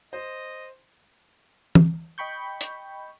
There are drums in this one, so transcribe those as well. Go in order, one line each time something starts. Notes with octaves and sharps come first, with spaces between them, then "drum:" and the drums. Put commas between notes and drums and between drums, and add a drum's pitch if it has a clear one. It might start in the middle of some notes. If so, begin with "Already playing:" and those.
C5 D#5
drum: tom
D#5 G5 B5 C#6 G6
drum: hi-hat